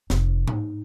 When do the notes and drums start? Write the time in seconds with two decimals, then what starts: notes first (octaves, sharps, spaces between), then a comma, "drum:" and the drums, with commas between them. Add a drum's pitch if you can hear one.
0.10 F1, drum: snare
0.48 D#4, drum: tom G#2